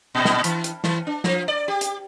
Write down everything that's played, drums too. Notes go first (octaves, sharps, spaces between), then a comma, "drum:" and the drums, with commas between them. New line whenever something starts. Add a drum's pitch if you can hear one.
A#2
drum: snare
E3, drum: hi-hat
drum: hi-hat
E3, drum: snare
D4
F3, drum: snare
D5
G4
drum: hi-hat